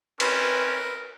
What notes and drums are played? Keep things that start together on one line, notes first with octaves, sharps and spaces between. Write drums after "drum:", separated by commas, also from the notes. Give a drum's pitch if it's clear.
C4 C#4 A#4 B4, drum: cymbal